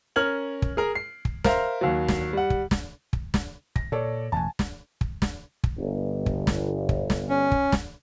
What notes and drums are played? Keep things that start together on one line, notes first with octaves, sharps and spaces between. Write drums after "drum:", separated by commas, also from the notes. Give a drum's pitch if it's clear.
C#4 A#4 F6 G#6 F#7
drum: kick
G#4 A#4
C7
drum: kick
A#4 C5 E5 F5, drum: snare
D#2 F#3
drum: snare
G3 F#5
drum: kick
drum: snare
drum: kick
drum: snare
A#6, drum: kick
A#2 A4 C#5 D5
E1 A1 E2 G#5 A5
drum: snare
drum: kick
drum: snare
drum: kick
G1
drum: kick
drum: snare
drum: kick
drum: snare
C#4
drum: kick
drum: snare